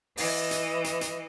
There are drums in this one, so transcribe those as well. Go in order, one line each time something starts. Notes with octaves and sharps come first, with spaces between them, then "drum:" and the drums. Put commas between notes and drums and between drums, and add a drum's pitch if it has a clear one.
E3 D#5, drum: open hi-hat
drum: hi-hat
drum: hi-hat
drum: hi-hat